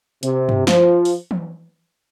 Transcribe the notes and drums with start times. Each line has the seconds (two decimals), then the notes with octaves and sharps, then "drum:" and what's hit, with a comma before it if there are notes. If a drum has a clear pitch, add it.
0.23 C3, drum: hi-hat
0.49 drum: tom G2
0.67 F3, drum: snare
1.05 drum: open hi-hat
1.31 drum: tom E3